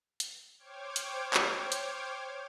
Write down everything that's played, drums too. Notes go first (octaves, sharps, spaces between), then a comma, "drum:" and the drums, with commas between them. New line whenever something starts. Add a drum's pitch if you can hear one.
drum: hi-hat
C5 C#5 G5 D6 F6 G#6
drum: hi-hat
drum: clap
drum: hi-hat